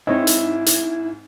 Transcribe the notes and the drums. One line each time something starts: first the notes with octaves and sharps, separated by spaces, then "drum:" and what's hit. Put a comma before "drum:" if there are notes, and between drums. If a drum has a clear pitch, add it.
G#2 C4 E4 C#5 D#5
drum: hi-hat
drum: hi-hat